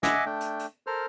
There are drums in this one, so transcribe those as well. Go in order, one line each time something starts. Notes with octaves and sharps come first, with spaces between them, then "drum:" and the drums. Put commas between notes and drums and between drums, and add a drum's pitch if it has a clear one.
D#5 E5 F#5 G#5 D6, drum: snare
A3 D4 G5
drum: hi-hat
drum: hi-hat
A4 A#4 C5 F6